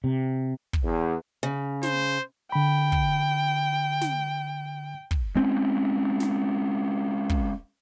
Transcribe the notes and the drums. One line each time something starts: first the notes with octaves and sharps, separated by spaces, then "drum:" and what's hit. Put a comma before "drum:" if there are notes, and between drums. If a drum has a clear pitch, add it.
C3
drum: kick
E2
C#3
C5, drum: snare
D3 G5 B5
drum: kick
drum: snare
drum: kick
G#3 C4 C#4
drum: snare
drum: kick